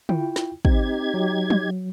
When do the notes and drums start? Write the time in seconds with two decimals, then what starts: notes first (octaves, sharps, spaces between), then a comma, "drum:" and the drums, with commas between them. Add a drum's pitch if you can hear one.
0.09 E4 F4 G5, drum: tom
0.36 drum: snare
0.65 C4 D#4 G4 G#6, drum: kick
1.14 F#3
1.50 drum: tom